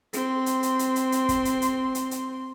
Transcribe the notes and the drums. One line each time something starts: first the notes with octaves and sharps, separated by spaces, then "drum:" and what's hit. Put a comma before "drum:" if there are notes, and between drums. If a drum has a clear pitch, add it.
C4 C6, drum: hi-hat
drum: hi-hat
drum: hi-hat
drum: hi-hat
drum: hi-hat
drum: hi-hat
drum: kick, hi-hat
drum: hi-hat
drum: hi-hat
drum: hi-hat
drum: hi-hat